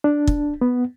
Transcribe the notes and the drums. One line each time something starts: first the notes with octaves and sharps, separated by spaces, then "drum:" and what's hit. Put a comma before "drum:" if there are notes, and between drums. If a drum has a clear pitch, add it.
D4
drum: kick
B3